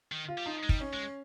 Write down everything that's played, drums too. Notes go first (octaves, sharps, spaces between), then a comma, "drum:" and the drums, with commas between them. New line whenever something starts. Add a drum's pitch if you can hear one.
D#3
F4
G3
F3 D#4
G#3
G3, drum: kick
C#4
G#3